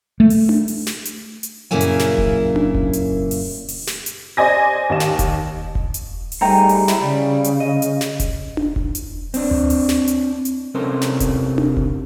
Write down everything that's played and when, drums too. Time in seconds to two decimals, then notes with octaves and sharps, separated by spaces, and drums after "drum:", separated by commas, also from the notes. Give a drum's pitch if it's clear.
0.20 A3
0.30 drum: open hi-hat
0.49 drum: tom D4
0.68 drum: open hi-hat
0.87 drum: snare
1.05 drum: hi-hat
1.43 drum: hi-hat
1.71 F#2 A#2 C#3 A#3 E4 G#5
1.81 drum: hi-hat
1.99 drum: snare
2.18 drum: kick E1
2.56 drum: tom D4
2.75 drum: kick E1
2.93 drum: hi-hat
3.31 drum: open hi-hat
3.69 drum: open hi-hat
3.87 drum: snare
4.06 drum: hi-hat
4.37 C5 D5 D#5 G#5 A#6
4.90 D#2 D#5 E7
5.00 drum: snare
5.19 drum: kick E1, hi-hat
5.75 drum: kick E1
5.94 drum: hi-hat
6.32 drum: open hi-hat
6.41 G3 A3 D#4 G#4 C5 G5 A#5
6.69 drum: open hi-hat
6.88 G#3 E4, drum: snare
7.02 C#3 G3
7.44 drum: hi-hat
7.60 D#5
7.82 drum: hi-hat
8.01 drum: snare
8.20 drum: kick E1, hi-hat
8.57 drum: tom D4
8.76 drum: kick E1
8.95 drum: hi-hat
9.34 C4 D4, drum: open hi-hat
9.51 drum: tom D2
9.70 drum: open hi-hat
9.89 drum: snare
10.08 drum: hi-hat
10.45 drum: hi-hat
10.75 C3 C#4 A4 A#4 C5
11.01 drum: snare
11.20 drum: kick E1, hi-hat
11.58 drum: tom D4
11.77 drum: kick E1